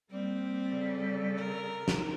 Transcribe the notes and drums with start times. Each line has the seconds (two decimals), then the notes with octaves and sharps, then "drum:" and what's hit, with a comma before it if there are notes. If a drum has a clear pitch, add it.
0.11 G3 A#3 C4
0.68 C#3 A4
1.38 A#4
1.88 drum: snare